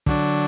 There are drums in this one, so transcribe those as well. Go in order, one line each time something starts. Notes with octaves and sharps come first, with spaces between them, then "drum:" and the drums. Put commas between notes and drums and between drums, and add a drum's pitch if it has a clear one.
D3 F#3 D4, drum: kick